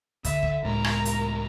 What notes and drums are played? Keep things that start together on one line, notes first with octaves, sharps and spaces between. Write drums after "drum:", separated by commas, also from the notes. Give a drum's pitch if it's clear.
D3 E5, drum: kick, hi-hat
drum: kick
C#2 A2 G#3 A#4 A#5
drum: rim click
drum: hi-hat